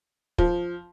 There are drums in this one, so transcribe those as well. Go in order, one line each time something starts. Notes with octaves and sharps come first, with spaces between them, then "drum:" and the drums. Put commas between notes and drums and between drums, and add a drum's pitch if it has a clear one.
F3, drum: kick